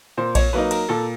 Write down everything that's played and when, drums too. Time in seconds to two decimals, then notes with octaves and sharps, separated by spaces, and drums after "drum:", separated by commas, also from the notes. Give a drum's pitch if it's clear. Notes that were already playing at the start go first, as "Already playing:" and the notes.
0.18 A#2 C5
0.35 C#5, drum: kick A#1, cymbal
0.53 F#3 A#3 D#4 B4
0.71 A#4, drum: cymbal
0.89 A#2 A4